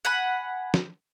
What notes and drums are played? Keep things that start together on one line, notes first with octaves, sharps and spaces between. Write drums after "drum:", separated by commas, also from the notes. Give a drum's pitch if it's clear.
F#5 G#5 B5
drum: snare